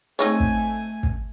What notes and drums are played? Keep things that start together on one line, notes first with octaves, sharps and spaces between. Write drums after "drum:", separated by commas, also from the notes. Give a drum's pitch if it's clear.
A3 C4 D#4 C#5 G#5
drum: kick
drum: kick